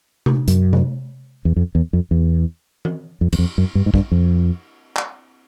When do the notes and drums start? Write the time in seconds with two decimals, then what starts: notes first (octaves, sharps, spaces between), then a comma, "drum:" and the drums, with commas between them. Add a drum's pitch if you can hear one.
0.26 drum: tom C3
0.48 F#2, drum: hi-hat
0.73 drum: tom C3
1.45 E2
1.56 F2
1.75 E2
1.93 F2
2.11 E2
2.85 drum: tom E3
3.21 F2
3.33 E2, drum: cymbal
3.39 F2
3.58 F#2
3.75 G2
3.86 G#2
3.94 G2, drum: kick
4.12 F2
4.97 drum: clap